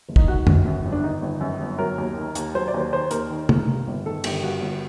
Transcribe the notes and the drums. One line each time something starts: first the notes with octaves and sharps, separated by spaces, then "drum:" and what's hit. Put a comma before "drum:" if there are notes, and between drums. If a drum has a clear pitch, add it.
F#1
D#4, drum: kick
D#3 F#4
G1, drum: tom
F#2
G1
D4
D#3 D#4
G1
F#2
G1
F#3 A#4
D#2
D#3
D#2, drum: hi-hat
F#3 C5
D5
D#2
C5
D#3 C5
D#2 A#4, drum: hi-hat
D#3
G1, drum: tom
G2
G1
D#3 A4
G1 G4, drum: cymbal
G2 F#4
G1